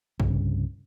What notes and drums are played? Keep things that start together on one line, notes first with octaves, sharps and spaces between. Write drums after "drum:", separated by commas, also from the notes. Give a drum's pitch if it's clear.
C2 G2 C#3, drum: kick